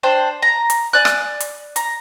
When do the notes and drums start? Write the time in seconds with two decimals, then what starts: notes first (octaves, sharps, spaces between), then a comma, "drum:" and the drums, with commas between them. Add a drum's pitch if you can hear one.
0.03 D4 C5 G5
0.42 A#5
0.70 drum: hi-hat
0.93 D5 G#5 F#6
1.05 drum: rim click
1.40 drum: hi-hat
1.76 A#5, drum: hi-hat